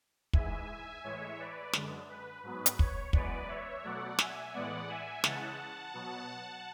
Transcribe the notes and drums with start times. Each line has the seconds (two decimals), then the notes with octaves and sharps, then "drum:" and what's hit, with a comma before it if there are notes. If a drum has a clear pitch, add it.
0.33 G#2 E3 G#3 E5 G#5, drum: kick
1.04 A2 E3 G#3 C#5 E5
1.39 B4 D5
1.73 F#2 D3 G#3, drum: snare
2.09 B4
2.43 G#2 F#3 B3 B4
2.66 drum: hi-hat
2.79 C#5, drum: kick
3.13 F#2 E3 G#3 B3 B4 D5, drum: kick
3.48 C#5 E5
3.83 B2 F#3 A3 D5 F#5
4.19 E5 G#5, drum: snare
4.54 A2 E3 G#3 B3 D5 F#5
4.89 E5 G#5
5.24 C#3 E3 G#3 F#5 A5, drum: snare
5.94 B2 F#3 B3